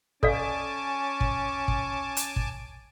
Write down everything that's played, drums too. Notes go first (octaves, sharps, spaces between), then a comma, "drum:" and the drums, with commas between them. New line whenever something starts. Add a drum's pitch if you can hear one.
C#4 A4 D5 F5 G#5 A5 D6, drum: kick
drum: kick
drum: kick
drum: hi-hat
drum: kick